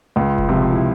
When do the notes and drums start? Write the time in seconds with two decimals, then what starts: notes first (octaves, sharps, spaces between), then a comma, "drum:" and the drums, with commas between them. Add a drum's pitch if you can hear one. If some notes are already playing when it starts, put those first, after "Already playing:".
0.16 C#2 F4
0.38 drum: kick F1
0.49 C3 F3
0.73 E4